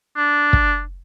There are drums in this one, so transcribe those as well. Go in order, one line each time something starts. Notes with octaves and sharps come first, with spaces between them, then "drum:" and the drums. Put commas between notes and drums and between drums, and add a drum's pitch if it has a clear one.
D4
drum: kick